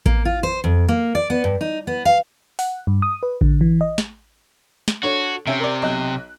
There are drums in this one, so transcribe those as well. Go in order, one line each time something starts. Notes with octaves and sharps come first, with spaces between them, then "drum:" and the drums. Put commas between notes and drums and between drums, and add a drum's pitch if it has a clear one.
A#3, drum: kick A1
F4
C5
F2
A#3
D5
B3
G2
D#4
B3
F5
F#5, drum: open hi-hat
G2
D#6
B4
D3, drum: kick A1
E3
D#5
drum: snare
drum: snare
D4 F#4 A4 C#5
C3 C#4 E5 D7
A#4 D5
B1 D#5 F#6